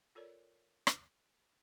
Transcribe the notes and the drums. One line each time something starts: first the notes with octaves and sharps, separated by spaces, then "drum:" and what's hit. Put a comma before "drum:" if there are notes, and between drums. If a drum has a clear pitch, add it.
F4 A4 A#4 C#5 D5
drum: rim click